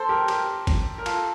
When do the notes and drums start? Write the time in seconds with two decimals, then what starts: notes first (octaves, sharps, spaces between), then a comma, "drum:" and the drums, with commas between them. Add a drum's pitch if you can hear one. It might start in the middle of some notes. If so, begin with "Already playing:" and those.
Already playing: A4 C5
0.09 G4 A#4
0.28 G4 A#4, drum: cymbal
0.67 drum: kick, cymbal
0.98 A#4
1.06 F4 A4, drum: cymbal